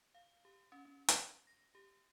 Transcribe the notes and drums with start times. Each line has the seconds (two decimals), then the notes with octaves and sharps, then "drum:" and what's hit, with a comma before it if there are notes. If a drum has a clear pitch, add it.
0.15 F5
0.45 G4
0.72 C#4
0.85 C#4
1.08 G7, drum: hi-hat
1.47 A#6
1.75 G4